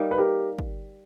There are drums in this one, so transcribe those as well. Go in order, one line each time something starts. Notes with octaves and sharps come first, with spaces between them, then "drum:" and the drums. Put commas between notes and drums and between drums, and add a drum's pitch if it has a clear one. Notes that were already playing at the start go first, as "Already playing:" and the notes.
Already playing: G3 A#3 D#4
B4
G4 A#4
drum: kick